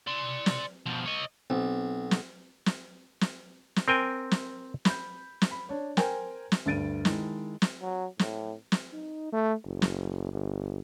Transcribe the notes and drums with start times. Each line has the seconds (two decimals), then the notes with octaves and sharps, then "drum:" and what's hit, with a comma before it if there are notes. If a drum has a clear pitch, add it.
0.07 D5 C6
0.46 drum: snare
0.86 B2 F3
1.06 C#5 D#5
1.50 B1 C4
2.11 drum: snare
2.66 drum: snare
3.21 drum: snare
3.76 drum: snare
3.88 C4 A#4 G5 G#5
4.31 drum: snare
4.85 B5 G6, drum: snare
5.42 drum: snare
5.51 B5
5.69 D4 C#5
5.97 A#4 C5 G5 G#5, drum: snare
6.52 drum: snare
6.66 D2 G2 A6 D7 D#7
7.05 D#3 G#3 E4, drum: snare
7.62 drum: snare
7.81 F#3
8.19 A2, drum: snare
8.72 drum: snare
8.93 D#4
9.33 A3
9.66 F#1
9.82 drum: snare
10.33 G1